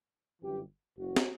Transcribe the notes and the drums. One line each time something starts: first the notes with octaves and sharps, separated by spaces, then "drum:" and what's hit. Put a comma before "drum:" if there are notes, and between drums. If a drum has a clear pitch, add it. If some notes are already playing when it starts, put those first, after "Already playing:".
G1 F#2 E3 G4
F#1 F#2 E3 F#4
drum: snare